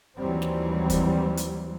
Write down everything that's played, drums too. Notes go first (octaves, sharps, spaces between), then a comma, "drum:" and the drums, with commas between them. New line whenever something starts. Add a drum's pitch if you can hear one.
D#2 E3 F#3 G3 C4
drum: snare
drum: kick, hi-hat
drum: hi-hat